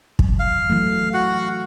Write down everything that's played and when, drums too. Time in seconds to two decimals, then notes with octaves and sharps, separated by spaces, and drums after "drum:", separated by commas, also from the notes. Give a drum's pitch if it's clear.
0.19 F#3, drum: kick
0.39 F5
0.70 E3 F#3 A3
1.14 F#4 F#5